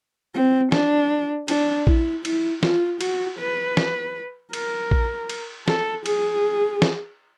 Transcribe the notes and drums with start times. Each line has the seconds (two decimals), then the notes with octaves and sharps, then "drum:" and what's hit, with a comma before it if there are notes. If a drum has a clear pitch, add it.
0.35 C4
0.72 D4, drum: snare
1.48 D4, drum: cymbal
1.87 E4, drum: kick A#1
2.25 E4, drum: cymbal
2.63 F4, drum: snare
3.01 F#4, drum: cymbal
3.39 B4
3.77 drum: snare
4.53 A#4, drum: cymbal
4.91 drum: kick A#1
5.29 drum: cymbal
5.68 A4, drum: snare
6.06 G#4, drum: cymbal
6.82 drum: snare